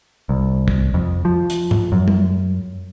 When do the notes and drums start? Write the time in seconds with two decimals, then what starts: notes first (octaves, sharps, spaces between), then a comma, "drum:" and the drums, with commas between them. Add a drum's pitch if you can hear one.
0.29 C2
0.68 drum: kick
0.94 F2
1.25 F3
1.50 drum: hi-hat
1.71 drum: tom G#2
1.92 F#2
2.08 drum: tom